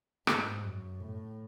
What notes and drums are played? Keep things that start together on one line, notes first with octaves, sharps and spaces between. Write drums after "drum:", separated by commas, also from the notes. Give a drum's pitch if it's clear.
G#2, drum: rim click
F#2
A2